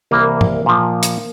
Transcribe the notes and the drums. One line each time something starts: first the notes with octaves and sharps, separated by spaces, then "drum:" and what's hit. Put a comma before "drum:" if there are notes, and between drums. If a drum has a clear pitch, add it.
C2 C3 E3 A#3
drum: tom
A#2 F3
drum: hi-hat